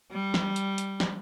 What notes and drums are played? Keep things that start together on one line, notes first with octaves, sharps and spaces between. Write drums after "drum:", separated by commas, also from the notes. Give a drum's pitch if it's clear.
G3
drum: snare
drum: hi-hat
drum: hi-hat
drum: snare